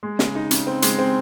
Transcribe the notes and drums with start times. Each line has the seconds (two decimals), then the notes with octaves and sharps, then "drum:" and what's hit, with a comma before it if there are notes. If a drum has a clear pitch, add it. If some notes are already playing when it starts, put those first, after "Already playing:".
0.03 G#3
0.19 C#3, drum: snare
0.35 D#4
0.51 C#3, drum: hi-hat
0.67 C4
0.82 G#3, drum: hi-hat
0.99 C4